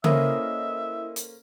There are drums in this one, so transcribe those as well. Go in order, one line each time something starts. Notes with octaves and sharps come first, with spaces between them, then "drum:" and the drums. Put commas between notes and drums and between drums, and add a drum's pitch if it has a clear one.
A#3 C#4 E4 A4 A#4 C5 D#5 E5, drum: tom C#3
drum: hi-hat